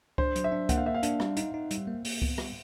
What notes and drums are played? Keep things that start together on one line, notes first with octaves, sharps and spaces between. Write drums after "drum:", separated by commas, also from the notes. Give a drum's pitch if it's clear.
D4 C5, drum: kick C#2
F#3, drum: hi-hat
E5
D4
A#3 F#5, drum: kick C#2, hi-hat
F5
A#3 E5
F5
D4, drum: hi-hat
G3, drum: rim click
D#4, drum: hi-hat
D#4
G3, drum: hi-hat
A#3
A#3, drum: open hi-hat
B3, drum: kick C#2
G3, drum: rim click